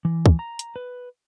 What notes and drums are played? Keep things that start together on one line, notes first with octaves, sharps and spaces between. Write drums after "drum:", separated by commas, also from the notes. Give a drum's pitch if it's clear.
E3
drum: kick
A#5
drum: hi-hat
B4